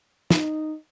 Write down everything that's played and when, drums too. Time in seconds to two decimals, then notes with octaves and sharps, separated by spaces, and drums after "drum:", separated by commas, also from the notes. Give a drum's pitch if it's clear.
0.30 D#4, drum: snare